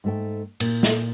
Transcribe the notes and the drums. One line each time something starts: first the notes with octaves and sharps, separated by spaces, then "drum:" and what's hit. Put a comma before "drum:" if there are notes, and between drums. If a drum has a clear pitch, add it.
G#2 A3 G5
A#2, drum: cymbal
drum: snare